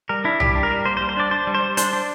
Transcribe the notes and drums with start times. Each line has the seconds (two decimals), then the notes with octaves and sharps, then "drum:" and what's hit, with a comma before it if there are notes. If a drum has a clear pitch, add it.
0.09 G3 A#4
0.24 D4 E4
0.40 G3 G4, drum: tom
0.55 D4
0.63 A#4
0.70 G3
0.85 A#3 C5
0.97 C5
1.01 G3
1.09 C5
1.17 D4 D5
1.31 D4 C5
1.47 G3
1.54 C5
1.62 G3
1.77 D4 C5, drum: hi-hat
1.93 D4